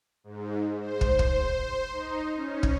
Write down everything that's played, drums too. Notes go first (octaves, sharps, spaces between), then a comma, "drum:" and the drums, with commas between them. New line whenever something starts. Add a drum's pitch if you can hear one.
G#2
C5
drum: kick
C5, drum: kick
D#4
C#4
drum: kick